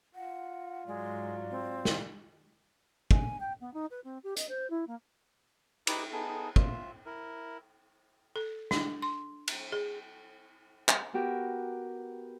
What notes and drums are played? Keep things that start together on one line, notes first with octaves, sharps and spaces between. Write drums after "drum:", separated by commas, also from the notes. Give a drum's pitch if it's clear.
F4 F#5
G#2 F#3 G#3 D5
C4
drum: snare
G#5, drum: kick
G5
B3
D#4
B4
C4
G4
D#5, drum: hi-hat
C5
E4
A#3
D#4 E4 G4 B4, drum: cymbal
B3 D#4 G#4 A4
F4 E5, drum: kick
E4 A#4
A4
D4, drum: snare
C6
drum: cymbal
G#4
drum: clap
B3 F#4 G4 A#4